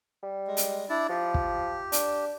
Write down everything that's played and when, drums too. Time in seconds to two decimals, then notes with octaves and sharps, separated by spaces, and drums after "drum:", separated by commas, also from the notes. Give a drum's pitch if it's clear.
0.23 G3
0.47 G#3
0.57 drum: hi-hat
0.89 D4 E4 D5
1.10 F3 G4
1.34 drum: kick
1.92 D4, drum: hi-hat